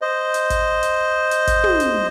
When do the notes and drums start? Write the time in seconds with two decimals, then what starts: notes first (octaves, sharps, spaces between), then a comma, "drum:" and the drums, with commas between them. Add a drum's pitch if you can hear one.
0.02 C5 D#5
0.34 drum: hi-hat
0.50 drum: kick, hi-hat
0.83 drum: hi-hat
1.31 drum: hi-hat
1.47 drum: kick, hi-hat
1.64 drum: tom
1.80 drum: hi-hat